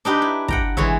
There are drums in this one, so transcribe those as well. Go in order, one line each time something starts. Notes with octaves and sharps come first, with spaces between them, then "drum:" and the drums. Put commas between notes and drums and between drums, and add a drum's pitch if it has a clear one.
D4 D#4 G4 B4
E4
F#5 G5 A#5, drum: kick
E3 G#3 C#5 E5, drum: tom